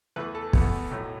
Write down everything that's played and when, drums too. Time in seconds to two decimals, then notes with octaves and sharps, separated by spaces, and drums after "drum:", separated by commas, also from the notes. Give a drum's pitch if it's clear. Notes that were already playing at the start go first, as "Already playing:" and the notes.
0.16 E2 E3 A3 B4
0.35 A4
0.53 E2 E3 A3 B3, drum: kick
0.90 B1 A2 F#3 A3